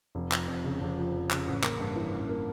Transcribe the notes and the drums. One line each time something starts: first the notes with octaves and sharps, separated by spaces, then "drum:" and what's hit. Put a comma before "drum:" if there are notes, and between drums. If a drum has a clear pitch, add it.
F1
F3, drum: clap
F2
C#3
F1
F3
F2
C#3, drum: clap
A1
A#3, drum: clap
G2
E3
A1
A#3